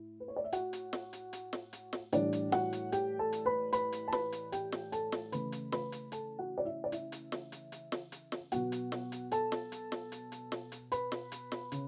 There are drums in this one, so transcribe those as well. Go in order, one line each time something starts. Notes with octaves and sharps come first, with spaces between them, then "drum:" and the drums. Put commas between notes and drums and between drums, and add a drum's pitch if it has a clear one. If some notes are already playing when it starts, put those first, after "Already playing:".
Already playing: A2 E4
B4
C#5
D5
E5
F#4 F#5, drum: hi-hat
drum: hi-hat
drum: snare
drum: hi-hat
drum: hi-hat
drum: snare
drum: hi-hat
drum: snare
A2 E3 G3 D4 D5, drum: hi-hat
drum: hi-hat
F#4 F#5, drum: snare
drum: hi-hat
G4 G5, drum: hi-hat
A4 A5
drum: hi-hat
B4 B5
B4 B5, drum: hi-hat
drum: hi-hat
A5
B4 B5, drum: snare
drum: hi-hat
G4 G5, drum: hi-hat
drum: snare
A4 A5, drum: hi-hat
drum: snare
C#3 E3 A3 B4 B5, drum: hi-hat
drum: hi-hat
B4 B5, drum: snare
drum: hi-hat
A4 A5, drum: hi-hat
F#4 F#5
D5
E4 E5
D5
E4 E5, drum: hi-hat
drum: hi-hat
drum: snare
drum: hi-hat
drum: hi-hat
drum: snare
drum: hi-hat
drum: snare
B2 F#3 B3 F#4 F#5, drum: hi-hat
drum: hi-hat
drum: snare
drum: hi-hat
A4 A5, drum: hi-hat
drum: snare
drum: hi-hat
drum: snare
drum: hi-hat
drum: hi-hat
drum: snare
drum: hi-hat
B4 B5, drum: hi-hat
drum: snare
drum: hi-hat
drum: snare
C#3, drum: hi-hat